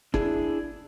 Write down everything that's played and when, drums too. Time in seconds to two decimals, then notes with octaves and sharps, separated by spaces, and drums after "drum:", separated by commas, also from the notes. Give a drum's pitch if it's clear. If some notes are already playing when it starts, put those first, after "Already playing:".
0.14 D4 E4 G#4, drum: kick